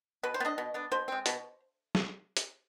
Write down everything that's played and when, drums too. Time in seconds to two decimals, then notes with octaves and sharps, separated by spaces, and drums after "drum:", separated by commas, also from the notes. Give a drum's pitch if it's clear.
0.23 B2 B4
0.34 C5
0.40 B3
0.45 D4 D#5
0.58 B2
0.74 B3 D4
0.92 B2 C5
1.08 G#3 C4
1.26 B2, drum: hi-hat
1.95 drum: snare
2.37 drum: hi-hat